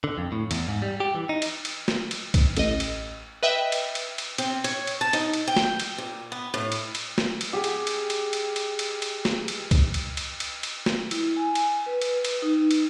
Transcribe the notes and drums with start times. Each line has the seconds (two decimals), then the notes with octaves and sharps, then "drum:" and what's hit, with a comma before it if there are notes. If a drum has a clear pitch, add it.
0.04 D3
0.18 F2
0.32 A2
0.51 E2, drum: cymbal
0.68 G#2
0.82 G3
1.00 G4
1.15 E3
1.29 D#4
1.42 drum: cymbal
1.65 drum: cymbal
1.88 drum: snare
2.11 drum: cymbal
2.34 drum: kick C2, cymbal
2.56 A1 D#5, drum: cymbal
2.80 drum: cymbal
3.43 B4 D#5 E5 G5
3.72 drum: cymbal
3.95 drum: cymbal
4.18 drum: cymbal
4.38 C4, drum: cymbal
4.64 C#5, drum: cymbal
4.87 drum: cymbal
5.01 A5
5.13 D#4, drum: cymbal
5.33 drum: cymbal
5.47 G5
5.57 drum: snare
5.80 drum: cymbal
5.98 A#2
6.32 B3
6.54 A2
6.72 drum: cymbal
6.95 drum: cymbal
7.18 drum: snare
7.41 drum: cymbal
7.53 G4 G#4
7.64 drum: cymbal
7.87 drum: cymbal
8.10 drum: cymbal
8.33 drum: cymbal
8.56 drum: cymbal
8.79 drum: cymbal
9.02 drum: cymbal
9.25 drum: snare
9.48 drum: cymbal
9.71 drum: kick C2, cymbal
9.94 drum: cymbal
10.17 drum: cymbal
10.40 drum: cymbal
10.63 drum: cymbal
10.86 drum: snare
11.11 E4, drum: cymbal
11.36 G#5
11.55 drum: cymbal
11.86 B4
12.01 drum: cymbal
12.25 drum: cymbal
12.42 D#4
12.71 drum: cymbal